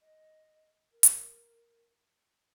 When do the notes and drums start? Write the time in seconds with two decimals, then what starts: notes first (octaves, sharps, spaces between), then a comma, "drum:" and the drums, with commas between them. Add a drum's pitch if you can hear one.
0.01 D#5
0.92 A#4
1.03 drum: hi-hat